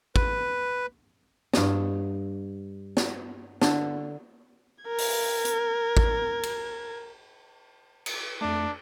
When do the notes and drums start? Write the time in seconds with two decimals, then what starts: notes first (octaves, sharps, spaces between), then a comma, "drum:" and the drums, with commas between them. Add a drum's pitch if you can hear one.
0.16 B4, drum: kick
1.53 G2 D#5, drum: snare
2.97 drum: snare
3.62 D3, drum: snare
4.84 A#4 G#6
4.98 drum: open hi-hat
5.45 drum: hi-hat
5.97 drum: kick
6.43 drum: cymbal
8.06 drum: cymbal
8.41 F2 A3 D4